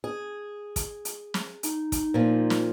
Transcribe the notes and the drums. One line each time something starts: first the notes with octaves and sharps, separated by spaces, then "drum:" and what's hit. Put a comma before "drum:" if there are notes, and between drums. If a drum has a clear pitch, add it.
G#4
drum: kick, hi-hat
drum: hi-hat
drum: snare
D#4, drum: hi-hat
drum: kick, hi-hat
A#2 F3
drum: snare